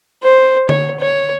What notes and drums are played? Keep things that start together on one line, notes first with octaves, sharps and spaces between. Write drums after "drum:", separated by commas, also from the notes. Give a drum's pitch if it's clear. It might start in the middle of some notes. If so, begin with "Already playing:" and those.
C5
C#5, drum: tom D3
C#5